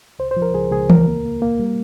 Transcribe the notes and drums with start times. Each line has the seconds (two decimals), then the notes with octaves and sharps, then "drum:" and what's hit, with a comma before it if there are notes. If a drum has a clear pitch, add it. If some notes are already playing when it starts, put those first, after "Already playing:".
0.19 C#2 C5
0.31 C5
0.36 F3
0.42 A#4
0.54 C#2 G#4
0.72 C#2 G#4
0.90 D#2 A#4, drum: tom E3
1.08 A#3
1.25 A#3
1.42 A#3
1.59 G3